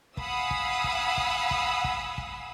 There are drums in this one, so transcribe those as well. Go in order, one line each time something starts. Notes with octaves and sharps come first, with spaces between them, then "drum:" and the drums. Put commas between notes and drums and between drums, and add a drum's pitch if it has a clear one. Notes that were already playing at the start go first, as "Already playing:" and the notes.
F5 F#5 G#5 B5 D#6 E6, drum: kick
drum: kick
drum: kick
drum: kick
drum: kick
drum: kick
drum: kick